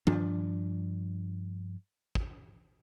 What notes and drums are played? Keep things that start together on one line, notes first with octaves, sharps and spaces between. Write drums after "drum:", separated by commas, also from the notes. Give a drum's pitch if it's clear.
G2 F3 D4, drum: tom D#3
drum: kick